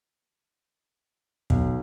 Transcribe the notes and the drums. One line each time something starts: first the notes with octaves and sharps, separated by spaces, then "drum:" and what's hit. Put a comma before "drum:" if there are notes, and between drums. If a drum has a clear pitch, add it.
B1, drum: kick